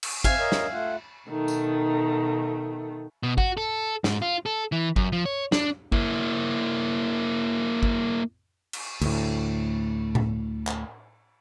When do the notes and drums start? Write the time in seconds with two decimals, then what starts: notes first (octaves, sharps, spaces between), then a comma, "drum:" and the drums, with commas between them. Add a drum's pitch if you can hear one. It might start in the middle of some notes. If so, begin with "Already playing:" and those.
0.03 drum: cymbal
0.24 C4 E5 F5 G#5, drum: kick
0.39 A#4 C#5 D#5
0.52 drum: snare
0.72 A3 F4 F#5
1.27 B2 D#3 A3
1.48 drum: tambourine
3.23 B2
3.38 F#4, drum: kick
3.57 A4
4.04 G#2, drum: snare
4.22 F4
4.46 A4
4.72 E3
4.96 F#2, drum: kick
5.12 F3
5.26 C#5
5.52 D4, drum: snare
5.92 A#3 E4, drum: kick
7.83 drum: kick
8.73 drum: cymbal
9.01 D2 A2, drum: cymbal
10.15 drum: tom A2
10.67 drum: clap